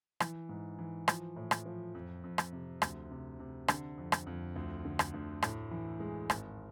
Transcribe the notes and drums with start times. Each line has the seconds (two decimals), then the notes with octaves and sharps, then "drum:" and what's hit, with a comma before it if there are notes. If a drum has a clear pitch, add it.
0.20 E3, drum: rim click
0.49 G#2
0.79 E3
1.08 F3, drum: rim click
1.36 A2
1.51 drum: rim click
1.66 F3
1.95 F2
2.24 F2
2.38 drum: rim click
2.53 C3
2.82 D2, drum: rim click
3.11 C3
3.39 C3
3.68 D3, drum: rim click
3.98 F2
4.12 drum: rim click
4.27 F2
4.56 D2
4.85 D3
4.99 drum: rim click
5.14 D2
5.42 A2, drum: rim click
5.71 E3
6.00 G#3
6.30 G#1, drum: rim click